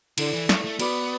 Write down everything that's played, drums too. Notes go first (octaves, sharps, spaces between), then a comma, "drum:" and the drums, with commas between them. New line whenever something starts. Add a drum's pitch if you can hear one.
D3 E4 A4 D5, drum: cymbal
E3
A3, drum: snare
A3
B3 F#4 B4 D5 B5 D6, drum: cymbal